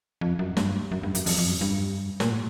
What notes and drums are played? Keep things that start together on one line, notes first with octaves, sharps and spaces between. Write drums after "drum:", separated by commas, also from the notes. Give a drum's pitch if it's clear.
F2
F#2
G2, drum: snare
F#2
G2
F#2, drum: hi-hat
F2, drum: open hi-hat
F2
F#2
G2
A#2, drum: snare
A2